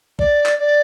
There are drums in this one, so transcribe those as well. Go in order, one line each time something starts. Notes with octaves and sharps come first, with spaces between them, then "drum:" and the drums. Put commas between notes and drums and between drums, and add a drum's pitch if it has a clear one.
D5, drum: kick
drum: clap
D5